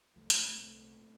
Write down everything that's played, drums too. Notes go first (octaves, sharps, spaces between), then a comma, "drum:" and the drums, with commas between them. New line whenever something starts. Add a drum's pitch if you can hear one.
C2 A#2 F3 A3
A3 C4, drum: hi-hat
A3 C4
C2 A#2 A3 C4
A#2